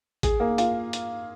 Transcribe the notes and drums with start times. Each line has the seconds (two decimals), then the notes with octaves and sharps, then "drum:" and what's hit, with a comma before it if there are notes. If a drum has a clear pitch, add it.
0.23 G#4, drum: kick A1, hi-hat
0.40 A#3
0.58 F4, drum: hi-hat
0.93 drum: hi-hat